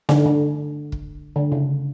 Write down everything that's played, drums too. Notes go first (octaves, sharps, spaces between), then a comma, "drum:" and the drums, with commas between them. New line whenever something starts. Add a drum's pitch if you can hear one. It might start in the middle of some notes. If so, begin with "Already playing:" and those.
D3, drum: snare
D3
drum: kick
D3
C#3